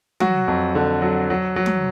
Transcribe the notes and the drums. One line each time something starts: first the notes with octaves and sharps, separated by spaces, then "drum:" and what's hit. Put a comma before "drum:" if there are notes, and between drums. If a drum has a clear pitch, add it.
F#3 F#4, drum: tom
F2
D3
F#3
F#3
F#3
drum: tom